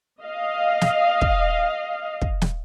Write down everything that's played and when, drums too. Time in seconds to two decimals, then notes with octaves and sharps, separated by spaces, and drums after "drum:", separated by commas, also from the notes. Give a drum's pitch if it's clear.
0.21 D#5 F5
0.81 drum: snare
1.21 drum: kick
2.22 drum: kick
2.42 drum: snare